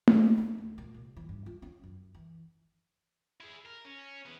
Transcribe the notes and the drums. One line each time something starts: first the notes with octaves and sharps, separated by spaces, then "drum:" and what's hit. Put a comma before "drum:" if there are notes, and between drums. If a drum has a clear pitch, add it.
F3, drum: tom A3
D#4
D2
A#2
C2
E3
G2
F4
C#4
F#2
E3
E4 G#4
A#4
C#4
E3 B3